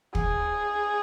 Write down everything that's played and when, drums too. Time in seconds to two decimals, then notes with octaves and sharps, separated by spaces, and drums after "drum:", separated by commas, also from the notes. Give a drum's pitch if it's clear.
0.15 G#4, drum: kick